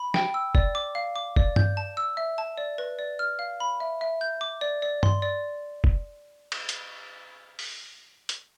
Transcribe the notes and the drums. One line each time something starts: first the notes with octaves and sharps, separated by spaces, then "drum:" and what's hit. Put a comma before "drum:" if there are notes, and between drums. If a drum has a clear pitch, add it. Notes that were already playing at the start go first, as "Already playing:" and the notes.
Already playing: B5
G5, drum: snare
E6
D5, drum: kick F1
D6
F5
D6
D5, drum: kick F1
G6, drum: tom G2
A5
E6
E5
A5
D5
B4
D5
F6
F5
B5
E5
E5
G6
D6
D5
D5
C6, drum: tom G2
D5
drum: kick F1
drum: cymbal
drum: hi-hat
drum: open hi-hat
drum: hi-hat